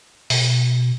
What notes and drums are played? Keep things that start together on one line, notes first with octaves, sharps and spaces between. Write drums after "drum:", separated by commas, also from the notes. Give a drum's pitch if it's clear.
B2, drum: open hi-hat